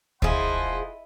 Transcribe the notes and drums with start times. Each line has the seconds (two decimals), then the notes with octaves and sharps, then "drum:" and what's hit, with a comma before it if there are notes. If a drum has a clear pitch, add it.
0.22 E1 F3 E4 G#4 D#5 F#5 C6, drum: kick D2